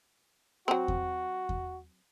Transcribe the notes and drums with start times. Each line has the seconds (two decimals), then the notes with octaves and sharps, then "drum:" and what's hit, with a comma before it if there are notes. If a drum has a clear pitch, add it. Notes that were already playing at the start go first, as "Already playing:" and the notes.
0.68 F#3 C4 F#4
0.88 drum: kick E2
1.49 drum: kick E2